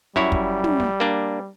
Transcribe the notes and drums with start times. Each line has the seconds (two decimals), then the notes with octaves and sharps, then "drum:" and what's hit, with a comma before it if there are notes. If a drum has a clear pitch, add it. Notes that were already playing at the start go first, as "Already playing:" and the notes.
0.16 F#2 G3 E4 C#5, drum: snare
0.32 drum: kick
0.64 drum: tom
0.80 drum: snare
1.00 A#3 D4